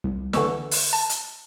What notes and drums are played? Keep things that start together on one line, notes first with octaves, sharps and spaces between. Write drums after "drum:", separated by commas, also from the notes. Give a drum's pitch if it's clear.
C2
D3 E3 C#6 E6, drum: snare
drum: open hi-hat
A5
drum: hi-hat